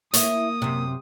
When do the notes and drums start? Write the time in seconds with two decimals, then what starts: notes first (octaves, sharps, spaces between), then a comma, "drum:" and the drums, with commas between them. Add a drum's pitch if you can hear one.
0.14 A#3 E4 C#5 D#6, drum: hi-hat
0.62 F#2 C3